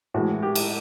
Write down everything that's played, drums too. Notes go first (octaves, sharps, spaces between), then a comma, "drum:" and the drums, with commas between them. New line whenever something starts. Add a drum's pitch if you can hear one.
A2 E3 G#3 F#4
G4
drum: cymbal